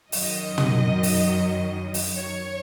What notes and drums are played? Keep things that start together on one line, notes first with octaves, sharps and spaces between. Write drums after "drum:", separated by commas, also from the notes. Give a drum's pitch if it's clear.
F#2 D#3 F#3 D#5, drum: open hi-hat
drum: tom
drum: open hi-hat
drum: open hi-hat
C#5